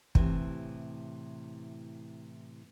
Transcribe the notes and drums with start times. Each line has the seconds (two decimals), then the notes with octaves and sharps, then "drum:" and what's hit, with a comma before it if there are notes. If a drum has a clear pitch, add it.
0.15 A2 C3 E3, drum: kick